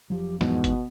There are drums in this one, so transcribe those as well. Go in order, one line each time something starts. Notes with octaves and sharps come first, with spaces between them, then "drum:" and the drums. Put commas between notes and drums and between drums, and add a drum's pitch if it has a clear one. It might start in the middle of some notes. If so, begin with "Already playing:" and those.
F1 F3 F#3 G4
E2 G#2 B2 B3, drum: snare
drum: kick G1, hi-hat